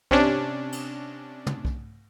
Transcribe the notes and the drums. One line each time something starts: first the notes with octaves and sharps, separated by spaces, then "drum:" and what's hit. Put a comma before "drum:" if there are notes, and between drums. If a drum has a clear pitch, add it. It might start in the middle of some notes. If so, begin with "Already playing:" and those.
C3 C#4 D4, drum: kick B1
drum: cymbal
drum: tom
drum: kick B1